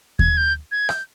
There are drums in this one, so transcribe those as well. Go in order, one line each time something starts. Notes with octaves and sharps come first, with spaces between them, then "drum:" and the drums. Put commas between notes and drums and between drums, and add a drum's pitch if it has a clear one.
G#6, drum: kick D#2
G6
G#6
G6, drum: rim click